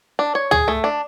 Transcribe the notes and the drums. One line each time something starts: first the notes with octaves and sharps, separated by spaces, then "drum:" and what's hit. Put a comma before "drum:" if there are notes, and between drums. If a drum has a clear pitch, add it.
D4
C#5
G#4, drum: tom
A3
D4